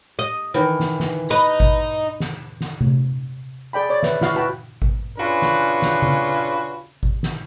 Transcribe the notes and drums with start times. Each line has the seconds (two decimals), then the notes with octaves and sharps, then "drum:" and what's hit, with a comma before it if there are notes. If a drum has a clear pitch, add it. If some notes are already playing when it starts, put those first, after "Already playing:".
0.19 D#5
0.54 D#3 E3
0.80 drum: snare
1.00 drum: snare
1.31 D#4 B4
1.60 drum: kick G#1
2.20 drum: snare
2.61 drum: snare
2.81 drum: tom C3
3.73 G#4 D5 G5 B5
3.90 C#5 D5
4.03 B4 D5 E5, drum: snare
4.21 E4 F#4 F5, drum: snare
4.36 E4 F#4 B4 G5 A5 B5
4.82 drum: kick G#1
5.18 C#4 D4 F4 F#4 G#4 B4
5.42 drum: snare
5.82 drum: snare
6.02 drum: tom C#3
7.03 drum: kick G#1
7.23 drum: snare